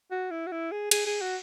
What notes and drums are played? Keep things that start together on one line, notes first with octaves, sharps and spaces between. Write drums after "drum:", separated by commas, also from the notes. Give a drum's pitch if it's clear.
F#4
E4
F#4
E4
G#4
G#4, drum: cymbal
G#4
F#4